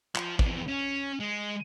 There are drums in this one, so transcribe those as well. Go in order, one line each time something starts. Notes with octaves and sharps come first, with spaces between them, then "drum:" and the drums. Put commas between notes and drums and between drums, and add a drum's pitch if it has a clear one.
F3, drum: clap
F2 E3, drum: kick
C#4
G#3